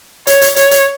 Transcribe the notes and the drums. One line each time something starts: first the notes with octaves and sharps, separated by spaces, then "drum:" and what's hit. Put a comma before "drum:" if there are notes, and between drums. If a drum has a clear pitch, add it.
C#5, drum: hi-hat
drum: hi-hat
C#5, drum: hi-hat
drum: hi-hat